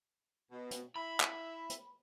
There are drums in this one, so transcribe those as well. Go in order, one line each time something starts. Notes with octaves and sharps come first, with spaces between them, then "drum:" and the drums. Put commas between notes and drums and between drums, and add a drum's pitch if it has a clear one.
B2
drum: hi-hat
E4 E5 B5
drum: clap
drum: hi-hat